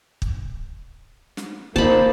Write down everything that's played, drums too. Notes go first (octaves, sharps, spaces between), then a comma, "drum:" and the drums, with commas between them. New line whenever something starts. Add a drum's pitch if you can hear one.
drum: kick
drum: snare
A#3 D#4 C5 A5 B5, drum: kick